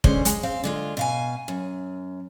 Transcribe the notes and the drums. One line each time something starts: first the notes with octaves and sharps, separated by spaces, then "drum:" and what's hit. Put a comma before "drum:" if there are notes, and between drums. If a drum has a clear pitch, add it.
D3 G#3 C#4 C5, drum: kick F1
G#3, drum: hi-hat
C4 F5
D3 G#3 F4
B2 F5 G#5
F#2